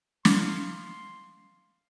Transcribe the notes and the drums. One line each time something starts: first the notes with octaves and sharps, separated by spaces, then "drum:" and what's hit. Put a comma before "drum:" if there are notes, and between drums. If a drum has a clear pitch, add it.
F5 C6, drum: snare